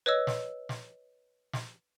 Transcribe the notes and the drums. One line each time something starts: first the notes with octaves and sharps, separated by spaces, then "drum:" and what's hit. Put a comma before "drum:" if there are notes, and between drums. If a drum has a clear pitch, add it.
B4 C#5 D#5 E6
drum: snare
drum: snare
drum: snare